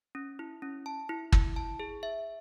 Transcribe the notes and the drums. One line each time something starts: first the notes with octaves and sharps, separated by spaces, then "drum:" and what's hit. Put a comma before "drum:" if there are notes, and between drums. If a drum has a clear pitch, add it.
C#4
E4
C#4
A5
E4
E4, drum: kick
A5
G#4
E5